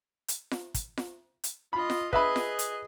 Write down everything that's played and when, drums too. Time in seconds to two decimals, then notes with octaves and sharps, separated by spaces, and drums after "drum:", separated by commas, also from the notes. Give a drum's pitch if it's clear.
0.28 drum: hi-hat
0.51 drum: snare F4
0.74 drum: kick, hi-hat
0.97 drum: snare F4
1.44 drum: hi-hat
1.73 F4 D#5 B5
1.90 drum: snare F4
2.13 G#4 B4 D#5 E5 B5, drum: kick
2.36 drum: snare F4
2.59 drum: hi-hat